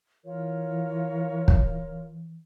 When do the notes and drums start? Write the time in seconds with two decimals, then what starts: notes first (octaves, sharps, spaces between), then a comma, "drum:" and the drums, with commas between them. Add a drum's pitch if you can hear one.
0.25 E3 F4 A#4 C#5
1.48 drum: kick